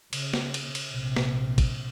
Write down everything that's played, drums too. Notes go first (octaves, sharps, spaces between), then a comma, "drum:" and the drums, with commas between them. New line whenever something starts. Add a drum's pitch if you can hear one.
C#3, drum: cymbal
drum: snare
drum: cymbal
drum: cymbal
A#1 C3
drum: snare
drum: kick, cymbal